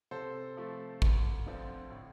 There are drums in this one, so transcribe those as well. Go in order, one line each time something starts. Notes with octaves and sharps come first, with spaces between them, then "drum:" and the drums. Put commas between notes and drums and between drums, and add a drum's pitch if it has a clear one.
C3 A4 C5
F3 A3
D2, drum: kick
D3 F3 C4 F4
A2